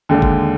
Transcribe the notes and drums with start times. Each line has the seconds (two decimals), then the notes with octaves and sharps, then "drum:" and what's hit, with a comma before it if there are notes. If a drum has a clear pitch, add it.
0.09 D#2 D3 G#3 D4
0.22 drum: kick